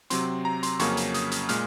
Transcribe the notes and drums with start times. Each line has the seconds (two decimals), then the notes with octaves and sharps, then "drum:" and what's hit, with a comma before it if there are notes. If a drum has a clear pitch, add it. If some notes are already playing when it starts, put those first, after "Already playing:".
0.10 C3 F#3 C4 C6, drum: hi-hat
0.45 A#5
0.63 C6, drum: hi-hat
0.79 F2 C#3 F#3 A#3 C#4 C#6, drum: hi-hat
0.97 drum: hi-hat
1.14 D#6, drum: hi-hat
1.32 drum: hi-hat
1.49 A#2 G#3 F6, drum: hi-hat